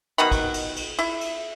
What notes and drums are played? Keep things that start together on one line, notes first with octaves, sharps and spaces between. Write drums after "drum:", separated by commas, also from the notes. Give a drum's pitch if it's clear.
B2 D#3 F#5 B5
drum: kick, cymbal
drum: cymbal
drum: cymbal
E4, drum: cymbal
drum: cymbal